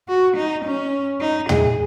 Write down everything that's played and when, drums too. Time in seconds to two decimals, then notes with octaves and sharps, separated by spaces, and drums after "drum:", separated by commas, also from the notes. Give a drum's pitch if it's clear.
0.09 F#4
0.36 D#4
0.64 C#4
1.21 D#4
1.49 G#4, drum: tom